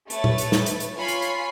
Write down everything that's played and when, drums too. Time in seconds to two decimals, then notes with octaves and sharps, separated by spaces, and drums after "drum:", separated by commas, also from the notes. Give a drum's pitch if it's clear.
0.10 A3 B4 C#5 A6, drum: hi-hat
0.24 drum: tom A#2
0.38 drum: hi-hat
0.52 drum: snare
0.66 drum: hi-hat
0.80 drum: hi-hat
0.98 F4 C#5 G#5 B5 C7
1.08 drum: hi-hat
1.22 drum: hi-hat